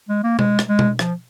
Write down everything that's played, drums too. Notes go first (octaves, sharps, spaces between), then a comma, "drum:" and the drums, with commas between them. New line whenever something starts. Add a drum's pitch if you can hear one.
G#3
A#3
G#3, drum: tom B2
drum: rim click
G#3
drum: tom B2
F3, drum: rim click